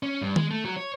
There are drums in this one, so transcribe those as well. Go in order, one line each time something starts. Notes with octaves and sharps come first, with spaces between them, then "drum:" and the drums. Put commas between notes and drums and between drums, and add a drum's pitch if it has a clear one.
C#4
G2
G#3, drum: tom D#3
A3
F#3
C#5